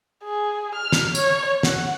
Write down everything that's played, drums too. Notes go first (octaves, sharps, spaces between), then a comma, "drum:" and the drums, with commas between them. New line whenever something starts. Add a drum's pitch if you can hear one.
G#4
F6
drum: snare
C#5, drum: tambourine
F#5, drum: snare